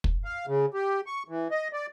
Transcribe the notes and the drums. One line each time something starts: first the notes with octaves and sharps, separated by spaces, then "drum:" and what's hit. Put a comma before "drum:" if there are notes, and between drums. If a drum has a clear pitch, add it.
drum: kick
F5
C#3
G4
C#6
E3
D#5
D5